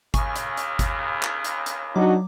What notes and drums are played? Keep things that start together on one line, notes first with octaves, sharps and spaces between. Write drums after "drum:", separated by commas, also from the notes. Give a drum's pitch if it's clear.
D#2 C#3 G#5 C#6, drum: kick, hi-hat
drum: hi-hat
drum: hi-hat
drum: kick, hi-hat
drum: clap
drum: hi-hat
drum: hi-hat
F#3 D4 D#4 F#4 D6